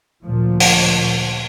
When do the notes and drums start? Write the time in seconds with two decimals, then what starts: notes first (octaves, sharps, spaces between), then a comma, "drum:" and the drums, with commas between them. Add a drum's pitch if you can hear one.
0.23 D2 A#2 F3
0.60 drum: open hi-hat